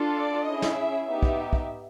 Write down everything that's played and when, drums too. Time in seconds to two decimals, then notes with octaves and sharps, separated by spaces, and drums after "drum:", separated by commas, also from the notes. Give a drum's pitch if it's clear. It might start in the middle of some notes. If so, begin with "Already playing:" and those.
Already playing: D4 F4 A4
0.17 D5
0.47 C#4 E4 G#4 D#5
0.62 drum: snare
0.77 E5
1.07 B3 D#4 G4 E5
1.23 drum: kick
1.53 drum: kick